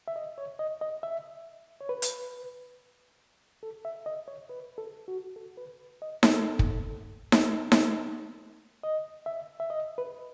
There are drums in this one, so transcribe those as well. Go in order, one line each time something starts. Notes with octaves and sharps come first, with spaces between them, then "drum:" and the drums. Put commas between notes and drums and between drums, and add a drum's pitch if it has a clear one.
E5
D#5
C#5
D#5
D#5
E5
C#5
B4
drum: hi-hat
A4
E5
D#5
C#5
B4
A4
F#4
A4
B4
D#5
A4, drum: snare D#4
drum: kick
drum: snare D#4
drum: snare D#4
D#5
E5
E5
D#5
B4